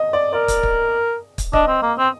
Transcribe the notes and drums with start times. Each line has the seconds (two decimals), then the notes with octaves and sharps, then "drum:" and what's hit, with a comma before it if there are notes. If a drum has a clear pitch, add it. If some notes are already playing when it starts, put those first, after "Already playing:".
Already playing: D#5
0.13 D5
0.33 A#4 D5
0.48 drum: kick, hi-hat
0.63 drum: kick
1.38 drum: kick, hi-hat
1.53 D4 D#5, drum: kick
1.68 C4
1.83 A#3
1.98 C4